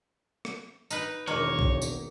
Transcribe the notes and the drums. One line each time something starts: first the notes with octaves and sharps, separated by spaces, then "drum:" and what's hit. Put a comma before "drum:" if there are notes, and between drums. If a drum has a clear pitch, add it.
drum: rim click
D#4 B4, drum: tambourine
E1 D#3 A#3 C#5
drum: kick
drum: tambourine